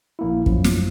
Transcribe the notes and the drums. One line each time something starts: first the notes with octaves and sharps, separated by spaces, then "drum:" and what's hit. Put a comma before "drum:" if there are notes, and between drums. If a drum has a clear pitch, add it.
A#1 A#3 E4
F#2 F3, drum: kick
drum: snare